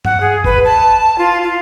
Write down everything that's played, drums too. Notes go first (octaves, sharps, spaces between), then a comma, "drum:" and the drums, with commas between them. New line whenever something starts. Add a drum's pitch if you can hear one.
F#5, drum: tom G2
G#4
B4, drum: kick G1
A5
F4
F4